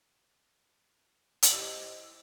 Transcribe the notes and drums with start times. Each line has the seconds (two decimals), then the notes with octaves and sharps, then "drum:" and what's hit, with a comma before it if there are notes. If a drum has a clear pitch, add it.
1.42 drum: hi-hat
1.52 G#3 E4 G4 C5 D#5 E6